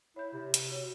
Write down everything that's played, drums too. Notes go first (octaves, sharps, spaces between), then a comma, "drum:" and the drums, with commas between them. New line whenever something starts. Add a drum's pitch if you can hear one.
E4 C#5 G6
C3
drum: hi-hat
F#4 C#5